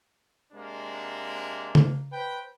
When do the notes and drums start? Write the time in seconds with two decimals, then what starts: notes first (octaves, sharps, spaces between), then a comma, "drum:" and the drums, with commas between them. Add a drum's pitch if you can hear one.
0.53 C3 G#3 A#3 D4
1.75 drum: tom C#3
2.12 B4 C5 G5